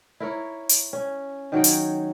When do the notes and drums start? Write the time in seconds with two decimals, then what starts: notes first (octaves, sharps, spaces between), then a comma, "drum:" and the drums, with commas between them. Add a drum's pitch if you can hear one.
0.20 E4 A#4 C#5
0.69 drum: hi-hat
0.93 C#4
1.52 D#3 F#3 C#5 G5
1.64 drum: hi-hat